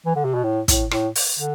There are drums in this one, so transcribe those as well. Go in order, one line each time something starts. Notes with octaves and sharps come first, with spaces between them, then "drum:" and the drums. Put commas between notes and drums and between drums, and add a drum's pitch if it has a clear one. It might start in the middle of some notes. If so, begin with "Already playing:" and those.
E3
D3
C3
B2
A2
A2, drum: kick, hi-hat
A2, drum: rim click
drum: open hi-hat
D3